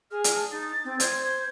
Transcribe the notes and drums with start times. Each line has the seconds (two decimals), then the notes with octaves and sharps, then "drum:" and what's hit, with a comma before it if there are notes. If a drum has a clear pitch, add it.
0.11 G#4 F6
0.24 drum: hi-hat
0.35 A5
0.52 D#4 A6
0.85 C4
1.00 C5 G#6, drum: hi-hat
1.24 G#6